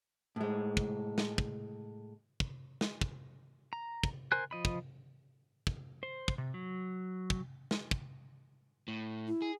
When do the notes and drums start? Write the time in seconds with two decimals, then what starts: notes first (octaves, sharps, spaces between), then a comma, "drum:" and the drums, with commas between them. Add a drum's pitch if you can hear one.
0.36 A2 G#3
0.77 drum: kick
1.18 drum: snare
1.38 drum: kick
2.40 drum: kick
2.81 drum: snare
3.01 drum: kick
3.73 A#5
4.04 drum: kick
4.32 A#4 C5 G#5 F#6
4.51 F3 D#5 B5
4.65 drum: kick
5.67 drum: kick
6.03 C5
6.28 drum: kick
6.38 C3
6.54 F#3
7.30 drum: kick
7.71 drum: snare
7.91 drum: kick
8.88 A2
9.28 E4
9.42 G#4